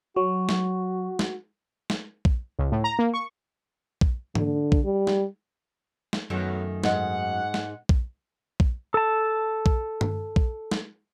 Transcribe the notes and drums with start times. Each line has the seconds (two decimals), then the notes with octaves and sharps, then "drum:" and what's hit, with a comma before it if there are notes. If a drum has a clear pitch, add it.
0.16 F#3 F#4 C#6
0.49 drum: snare
1.19 drum: snare
1.90 drum: snare
2.25 drum: kick A#1
2.59 C#2
2.72 A2
2.84 A#5
2.99 A#3
3.14 C#6
4.01 drum: kick A#1
4.35 D3, drum: tom G#2
4.72 drum: kick A#1
4.84 G3
5.07 drum: snare
6.13 drum: snare
6.30 F#2 D#3 F#3 A3 B3
6.84 G#2 F#5, drum: snare
7.54 drum: snare
7.89 drum: kick A#1
8.60 drum: kick A#1
8.94 A4 A5
9.66 drum: kick A#1
10.01 drum: tom G2
10.36 drum: kick A#1
10.71 drum: snare